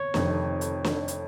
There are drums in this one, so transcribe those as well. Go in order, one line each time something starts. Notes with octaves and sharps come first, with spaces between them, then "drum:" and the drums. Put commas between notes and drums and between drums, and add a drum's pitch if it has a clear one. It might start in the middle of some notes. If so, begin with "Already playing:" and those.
Already playing: C#5
F1 F2 C3 D#3, drum: snare
drum: hi-hat
drum: snare
drum: hi-hat